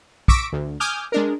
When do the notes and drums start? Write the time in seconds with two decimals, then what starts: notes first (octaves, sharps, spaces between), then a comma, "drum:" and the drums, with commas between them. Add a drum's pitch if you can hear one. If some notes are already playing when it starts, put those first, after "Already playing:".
0.28 C#6 D6 E6 A#6 B6 D7, drum: kick
0.53 D2
0.80 G#5 D6 D#6 F6 G6
1.12 G#3 D4 A#4